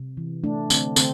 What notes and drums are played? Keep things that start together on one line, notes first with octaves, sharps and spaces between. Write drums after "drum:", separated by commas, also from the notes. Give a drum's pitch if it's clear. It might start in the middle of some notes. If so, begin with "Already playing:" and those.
Already playing: C3
E3
A3 D4
D3 C4, drum: tambourine
D3 C4, drum: tambourine